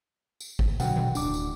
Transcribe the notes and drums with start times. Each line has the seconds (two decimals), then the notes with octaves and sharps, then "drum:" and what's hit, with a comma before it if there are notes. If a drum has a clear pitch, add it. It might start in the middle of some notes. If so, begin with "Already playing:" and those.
0.40 drum: tambourine
0.59 drum: kick
0.80 B2 D3 F#3 F#5 G5, drum: tambourine
0.96 drum: tom D#3
1.15 D1 D4 D6, drum: tambourine
1.34 drum: tambourine